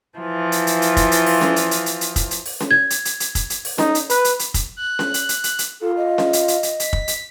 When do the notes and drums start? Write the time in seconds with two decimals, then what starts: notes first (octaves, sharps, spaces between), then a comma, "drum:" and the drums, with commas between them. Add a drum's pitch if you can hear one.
0.19 E3 F3 F4
0.52 drum: hi-hat
0.67 drum: hi-hat
0.82 drum: hi-hat
0.97 drum: kick, hi-hat
1.12 drum: hi-hat
1.26 drum: open hi-hat
1.41 drum: snare C#4
1.56 drum: hi-hat
1.71 drum: hi-hat
1.86 drum: hi-hat
2.01 drum: hi-hat
2.16 drum: kick, hi-hat
2.31 drum: hi-hat
2.46 drum: open hi-hat
2.61 drum: snare C#4
2.71 G#6
2.90 drum: hi-hat
3.05 drum: hi-hat
3.20 drum: hi-hat
3.35 drum: kick, hi-hat
3.50 drum: hi-hat
3.65 drum: open hi-hat
3.78 D#4, drum: snare C#4
3.95 drum: hi-hat
4.10 B4, drum: hi-hat
4.24 drum: hi-hat
4.39 drum: hi-hat
4.54 drum: kick, hi-hat
4.77 F#6
4.99 drum: snare C#4
5.14 drum: hi-hat
5.29 drum: hi-hat
5.44 drum: hi-hat
5.59 drum: hi-hat
5.81 F4 A4
5.97 D#5
6.18 drum: snare C#4
6.33 drum: hi-hat
6.48 drum: hi-hat
6.63 drum: hi-hat
6.80 B6, drum: hi-hat
6.93 drum: kick
7.08 drum: hi-hat